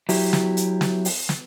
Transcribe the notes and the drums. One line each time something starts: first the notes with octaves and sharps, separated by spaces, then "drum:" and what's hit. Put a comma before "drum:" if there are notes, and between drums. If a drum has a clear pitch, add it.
F#3 E4 G4, drum: open hi-hat
drum: snare
drum: hi-hat
drum: snare
drum: open hi-hat
drum: snare